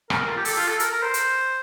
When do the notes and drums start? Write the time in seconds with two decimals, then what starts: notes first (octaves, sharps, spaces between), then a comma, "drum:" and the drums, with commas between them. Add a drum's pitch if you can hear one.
0.10 A#4, drum: rim click
0.29 F4
0.37 G4
0.45 A4, drum: open hi-hat
0.56 F4
0.68 A4
0.80 A#4, drum: hi-hat
0.91 A#4
1.02 C5
1.14 drum: hi-hat